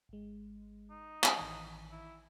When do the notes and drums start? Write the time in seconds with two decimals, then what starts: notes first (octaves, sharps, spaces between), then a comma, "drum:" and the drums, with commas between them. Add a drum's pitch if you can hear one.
0.09 G#1 G#3
0.91 D#4
1.24 drum: clap
1.37 A1 D#3 E3
1.92 E4